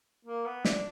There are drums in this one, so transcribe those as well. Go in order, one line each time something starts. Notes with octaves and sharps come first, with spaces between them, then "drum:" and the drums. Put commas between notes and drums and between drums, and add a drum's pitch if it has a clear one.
A#3
B3
D4, drum: snare